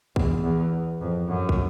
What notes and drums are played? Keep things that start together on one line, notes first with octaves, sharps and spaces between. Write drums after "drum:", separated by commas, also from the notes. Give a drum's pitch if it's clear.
E2, drum: kick
E2
F2
F#2
drum: kick